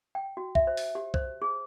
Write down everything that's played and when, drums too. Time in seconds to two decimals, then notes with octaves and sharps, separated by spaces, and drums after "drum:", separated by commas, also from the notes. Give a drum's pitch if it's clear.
0.15 G5
0.37 F#4
0.55 E5, drum: kick B1
0.67 C5
0.77 drum: open hi-hat
0.95 G4
1.14 C5, drum: kick B1
1.42 G#4